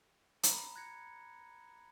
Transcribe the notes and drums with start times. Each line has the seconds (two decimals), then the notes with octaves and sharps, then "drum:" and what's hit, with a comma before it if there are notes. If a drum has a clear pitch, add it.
0.43 A#5 B5, drum: hi-hat
0.76 F#6 G#6 A#6 C#7